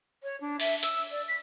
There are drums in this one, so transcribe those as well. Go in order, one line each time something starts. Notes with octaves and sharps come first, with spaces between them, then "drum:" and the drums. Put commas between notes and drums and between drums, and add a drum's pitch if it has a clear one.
C#5
D4
E5, drum: open hi-hat
E6, drum: hi-hat
D5
B6